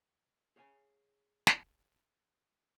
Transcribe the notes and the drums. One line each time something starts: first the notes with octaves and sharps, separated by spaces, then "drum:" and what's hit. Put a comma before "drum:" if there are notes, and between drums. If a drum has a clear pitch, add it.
G#4 C#5 F5 G5 G#5
drum: snare